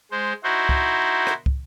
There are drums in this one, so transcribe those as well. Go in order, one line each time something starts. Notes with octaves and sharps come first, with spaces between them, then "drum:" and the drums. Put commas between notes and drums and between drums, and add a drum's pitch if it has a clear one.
G#3 C5
D#4 E4 F#4 C5
drum: kick
drum: rim click
drum: kick